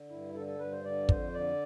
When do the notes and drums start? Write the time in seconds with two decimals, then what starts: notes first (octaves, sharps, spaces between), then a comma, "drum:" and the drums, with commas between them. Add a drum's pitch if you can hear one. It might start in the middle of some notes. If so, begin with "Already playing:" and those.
Already playing: D3
0.10 G2 E4
0.34 D3 A4
0.47 A4
0.59 G2 B4
0.72 C5
0.84 D3 D5
1.09 F2 C5, drum: kick
1.34 D3 D5